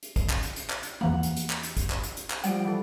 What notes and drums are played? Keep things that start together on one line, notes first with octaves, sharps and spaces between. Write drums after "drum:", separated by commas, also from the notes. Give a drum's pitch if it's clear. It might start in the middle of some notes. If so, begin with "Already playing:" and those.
drum: hi-hat
drum: kick, hi-hat
drum: clap
drum: hi-hat
drum: hi-hat
drum: clap
drum: hi-hat
E2 E3 A#3 F#5
drum: hi-hat
drum: hi-hat
drum: clap
drum: hi-hat
drum: kick, hi-hat
drum: clap
drum: hi-hat
drum: hi-hat
drum: clap
F3 G3 F#5 D7, drum: hi-hat
E3 A4